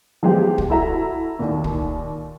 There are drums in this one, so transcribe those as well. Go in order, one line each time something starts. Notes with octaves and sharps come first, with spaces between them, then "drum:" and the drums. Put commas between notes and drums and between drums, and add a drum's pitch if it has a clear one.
F3 G#3 B3 G4
drum: kick
E4 F#4 A4 E5 A#5
D#2 A#2
drum: kick